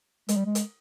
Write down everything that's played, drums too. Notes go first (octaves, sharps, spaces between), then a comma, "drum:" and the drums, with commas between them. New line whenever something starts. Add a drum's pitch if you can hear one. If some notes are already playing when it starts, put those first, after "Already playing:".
G#3, drum: hi-hat
G3
G#3
drum: hi-hat